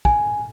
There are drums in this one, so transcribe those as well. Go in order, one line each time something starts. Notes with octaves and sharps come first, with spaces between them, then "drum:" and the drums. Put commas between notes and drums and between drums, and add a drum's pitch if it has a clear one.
G#5, drum: kick